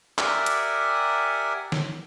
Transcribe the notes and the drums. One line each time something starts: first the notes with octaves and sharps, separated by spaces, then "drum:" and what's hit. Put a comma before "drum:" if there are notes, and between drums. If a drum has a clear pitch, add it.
G4 A#4 D5 E5 F#5 G#5, drum: clap
drum: hi-hat
drum: snare